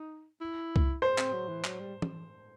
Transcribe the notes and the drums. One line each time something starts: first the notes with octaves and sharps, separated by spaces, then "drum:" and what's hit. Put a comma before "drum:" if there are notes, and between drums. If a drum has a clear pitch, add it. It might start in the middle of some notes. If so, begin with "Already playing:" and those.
Already playing: D#4
E4
drum: kick C2
C5
C4, drum: clap
F#3
E3
F#3, drum: clap
G3
drum: tom